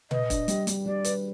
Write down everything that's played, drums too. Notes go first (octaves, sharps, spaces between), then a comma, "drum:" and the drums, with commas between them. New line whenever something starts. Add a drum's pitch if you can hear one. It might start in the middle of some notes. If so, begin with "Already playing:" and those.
B4 D#5, drum: tom A#2
D4, drum: kick, hi-hat
G3, drum: hi-hat
G3, drum: hi-hat
G3 D5
B4, drum: hi-hat